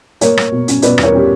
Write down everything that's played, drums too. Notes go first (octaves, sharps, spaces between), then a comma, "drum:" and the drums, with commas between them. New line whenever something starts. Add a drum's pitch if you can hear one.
A#3 A#4 C#5, drum: hi-hat
A#3, drum: rim click
B2
C#4, drum: hi-hat
B2 B4 D5, drum: hi-hat
E2, drum: rim click
A#4 C#5
C#4 G4